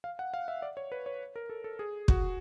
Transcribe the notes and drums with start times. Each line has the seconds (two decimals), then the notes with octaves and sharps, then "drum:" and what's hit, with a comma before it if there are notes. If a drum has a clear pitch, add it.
0.04 F5
0.19 F#5
0.34 F5
0.48 E5
0.62 D5
0.77 C#5
0.92 B4
1.06 C#5
1.36 A#4
1.50 A4
1.64 A4
1.79 G#4
2.08 F#4, drum: kick